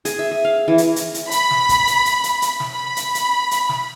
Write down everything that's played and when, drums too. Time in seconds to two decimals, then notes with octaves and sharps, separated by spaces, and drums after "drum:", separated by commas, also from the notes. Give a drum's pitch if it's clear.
0.05 G#4, drum: hi-hat
0.19 E5
0.31 G#4
0.45 F5
0.68 E3
0.78 drum: hi-hat
0.96 drum: hi-hat
1.14 drum: hi-hat
1.31 B5, drum: hi-hat
1.51 drum: snare
1.69 drum: kick, hi-hat
1.87 drum: hi-hat
2.05 drum: hi-hat
2.24 drum: hi-hat
2.42 drum: hi-hat
2.60 drum: snare
2.73 B5
2.96 drum: hi-hat
3.15 drum: hi-hat
3.51 drum: hi-hat
3.69 drum: snare